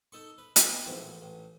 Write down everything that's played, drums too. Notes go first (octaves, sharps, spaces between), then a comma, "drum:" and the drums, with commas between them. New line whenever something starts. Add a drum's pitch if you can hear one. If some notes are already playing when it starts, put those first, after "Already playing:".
D#4 A4 C#6
B4
G3 B3 D#4, drum: hi-hat
F2 G#2 D#3 E3
A1
A1